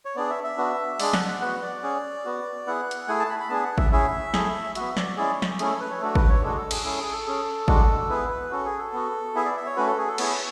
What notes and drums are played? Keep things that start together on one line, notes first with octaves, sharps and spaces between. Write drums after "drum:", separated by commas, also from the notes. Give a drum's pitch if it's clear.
C#5
B3 D4 G#4 D5
E5
E5
B3 D4 F#4
G#3 D4 G#4 D5, drum: open hi-hat
F#5, drum: snare
F#5
B3 F#4 F#5
D5
C#4 G#4
B3 F#4
B3 E4 G#4 F#5
drum: hi-hat
A3 E4 G#4 G#5
A5
B5
B5
B3 D4 G#4 A5
F#5
E5, drum: kick G#1
C#4 E4 G#4 E5
A3 E4 G#4, drum: snare
B3 F#4 E5, drum: hi-hat
D5, drum: snare
G#3 C#4 E4 G#4 D5
C#5
drum: snare
A3 C#4 E4 G#4, drum: hi-hat
A4
B4
C#5
A3 D4 F#4 A4
B4, drum: kick G#1
C#5
G#3 D4 F#4 A4
A4
G#4, drum: cymbal
C#4 E4 G#4 A4
G#4
A4
C#4 G#4
G#3 D4 F#4, drum: kick G#1
B3 E4 G#4 B4
B4
C#4 F#4 A4
G#4
A4
B3 F#4
B3 E4 G#4 E5
D5
E5
C#5
A3 C#4 F#4 B4
A4
G#4
A4
B3 E4 G#4 C#5, drum: cymbal